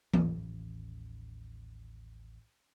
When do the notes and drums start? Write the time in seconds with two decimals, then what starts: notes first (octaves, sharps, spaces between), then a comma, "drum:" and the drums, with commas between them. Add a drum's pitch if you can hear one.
0.14 A1 D#2, drum: tom E3